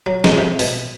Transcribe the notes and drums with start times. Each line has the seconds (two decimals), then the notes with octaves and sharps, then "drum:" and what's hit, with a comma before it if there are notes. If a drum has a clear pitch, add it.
0.06 F#3
0.24 G#3, drum: snare
0.38 C3
0.59 B2, drum: open hi-hat